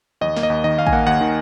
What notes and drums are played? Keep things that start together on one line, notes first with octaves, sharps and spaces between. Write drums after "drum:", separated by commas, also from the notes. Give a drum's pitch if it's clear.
D#2 D#5, drum: tom
A#3, drum: snare
D#5
D#2
D#3 D#5
D#2 F5
G#5, drum: kick A1
A#3 F#5
D#2 F#5
D#3